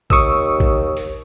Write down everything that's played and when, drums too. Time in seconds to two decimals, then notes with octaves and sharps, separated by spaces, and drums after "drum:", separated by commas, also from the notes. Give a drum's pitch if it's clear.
0.10 D#2 C#6 D#6 E6, drum: kick A#1
0.60 drum: kick A#1
0.97 drum: open hi-hat